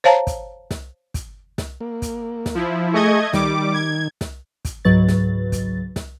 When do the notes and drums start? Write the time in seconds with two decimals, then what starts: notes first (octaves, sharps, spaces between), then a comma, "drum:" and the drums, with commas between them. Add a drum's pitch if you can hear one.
0.04 C5 C#5 F5 A5 A#5
0.27 drum: kick, hi-hat
0.71 drum: snare
1.14 drum: kick, hi-hat
1.58 drum: snare
1.81 A#3
2.02 drum: kick, hi-hat
2.46 drum: snare
2.55 F3 E4
2.94 A3 G#4 D#5 C#6 G#6
3.33 D#3 G3 D6, drum: snare
3.74 G#6
4.21 drum: snare
4.65 drum: kick, hi-hat
4.85 C#2 G#2 F#3 B4 A6
5.08 drum: snare
5.52 drum: kick, hi-hat
5.96 drum: snare